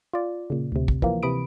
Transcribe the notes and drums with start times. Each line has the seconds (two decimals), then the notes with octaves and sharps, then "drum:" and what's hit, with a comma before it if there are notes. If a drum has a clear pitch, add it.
0.13 F4 D5
0.50 A#2 C#3
0.72 D2 C3
0.88 drum: kick
1.02 E3 F3 A#3, drum: kick
1.23 C3 E3 B5 D#6 D7